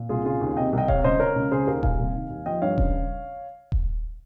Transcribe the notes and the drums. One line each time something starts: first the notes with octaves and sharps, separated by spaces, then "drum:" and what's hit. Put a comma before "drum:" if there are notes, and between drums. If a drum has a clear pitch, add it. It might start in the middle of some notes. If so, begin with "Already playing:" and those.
Already playing: A#2
C2 F4 G#4
C#3 F4 G#4
D#2
C3 D#5 G5
C2
D#5 G5
C3 C#5 F5, drum: kick D#1
C#2 C5 D#5
C#3 A#4 C#5
C#2
C#3 G#4 C5
D#2 G4 A#4
A#2 F5 G#5, drum: kick D#1
C2
D#3
D#2
F3 D#5 G5
G2 C#5 F5
C#3, drum: kick D#1
drum: kick D#1